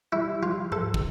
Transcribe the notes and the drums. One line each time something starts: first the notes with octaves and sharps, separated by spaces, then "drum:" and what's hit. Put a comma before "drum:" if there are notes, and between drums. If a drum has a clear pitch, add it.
G3 E4
F3 F4
F3 A4, drum: tom G#2
D3, drum: kick